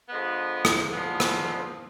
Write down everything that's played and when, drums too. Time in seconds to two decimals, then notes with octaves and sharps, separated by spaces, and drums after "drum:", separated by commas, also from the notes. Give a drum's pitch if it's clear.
0.09 D3 F3 G#3 B3
0.65 drum: rim click
0.92 D3 F3 G#3 B3
1.20 drum: rim click